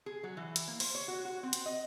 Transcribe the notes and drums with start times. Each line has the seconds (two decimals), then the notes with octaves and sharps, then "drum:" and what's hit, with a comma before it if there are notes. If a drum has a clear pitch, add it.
0.06 G#4
0.23 F#3
0.37 E3
0.56 drum: hi-hat
0.68 A#3
0.80 C5, drum: open hi-hat
0.95 C#5
1.08 F#4
1.25 F#4
1.43 C4
1.53 drum: hi-hat
1.66 D#5